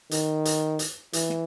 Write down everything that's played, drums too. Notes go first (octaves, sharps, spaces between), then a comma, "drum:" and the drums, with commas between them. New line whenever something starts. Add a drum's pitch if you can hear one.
D#3, drum: hi-hat
drum: hi-hat
drum: hi-hat
E3, drum: hi-hat
drum: snare